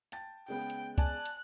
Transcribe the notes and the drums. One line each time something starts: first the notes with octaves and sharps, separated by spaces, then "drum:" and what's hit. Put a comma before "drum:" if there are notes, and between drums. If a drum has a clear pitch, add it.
G5 A5 A6, drum: hi-hat
C#3 G#3 B3 G5
drum: hi-hat
D5 G#5 A5 F#6, drum: kick C#2, hi-hat
drum: hi-hat